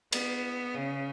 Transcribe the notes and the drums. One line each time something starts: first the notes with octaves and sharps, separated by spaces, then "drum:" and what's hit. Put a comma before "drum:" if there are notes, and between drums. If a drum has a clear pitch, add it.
B3, drum: cymbal
C#3